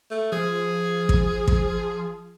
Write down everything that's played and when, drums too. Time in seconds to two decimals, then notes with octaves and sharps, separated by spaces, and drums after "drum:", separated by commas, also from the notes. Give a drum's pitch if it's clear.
0.11 A3
0.32 F3 G#4
1.09 drum: kick
1.48 drum: kick